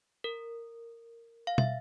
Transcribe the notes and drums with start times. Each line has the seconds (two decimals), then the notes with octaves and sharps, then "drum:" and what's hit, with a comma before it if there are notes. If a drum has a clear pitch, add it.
0.24 A#4
1.47 F5
1.58 E5, drum: tom